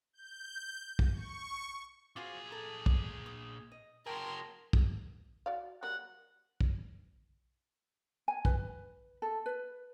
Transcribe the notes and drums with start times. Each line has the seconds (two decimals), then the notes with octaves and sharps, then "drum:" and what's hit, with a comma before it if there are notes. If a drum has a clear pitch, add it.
0.13 G6
0.99 drum: kick
1.13 C#6
2.16 A#2 F4 F#4 G#4 C5
2.51 A4 A#5
2.86 drum: kick
3.26 D#6
3.72 D#5
4.06 F#4 G#4 A#4 C#5 G5 A5 C6
4.73 drum: kick
5.46 F#4 D5 F5
5.83 F#3 G3 A#3 F#5
6.61 drum: kick
8.28 G#5
8.45 B4, drum: kick
9.22 A4
9.46 B4